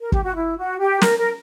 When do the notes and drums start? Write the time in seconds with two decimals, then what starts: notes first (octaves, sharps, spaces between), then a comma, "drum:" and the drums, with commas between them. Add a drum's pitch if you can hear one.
0.01 A#4
0.12 G4, drum: kick G1
0.23 F#4
0.35 E4
0.57 F#4
0.79 G4
1.02 A#4, drum: snare
1.18 A#4